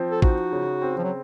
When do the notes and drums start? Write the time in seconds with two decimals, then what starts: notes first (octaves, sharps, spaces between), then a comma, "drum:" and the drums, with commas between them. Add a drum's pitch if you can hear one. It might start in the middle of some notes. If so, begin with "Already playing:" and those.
Already playing: F3 C4
0.11 A4
0.22 D#4 F#4, drum: kick A1
0.52 C#3
0.82 C4
0.97 F3
1.04 F#3